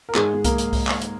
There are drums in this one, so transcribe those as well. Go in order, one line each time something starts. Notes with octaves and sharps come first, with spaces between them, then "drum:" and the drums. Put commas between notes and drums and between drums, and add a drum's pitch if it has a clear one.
A#4
G#2 G#3 G#4, drum: clap
G#3
A#3 A#4, drum: kick C2, hi-hat
drum: hi-hat
drum: kick C2, open hi-hat
drum: clap
drum: hi-hat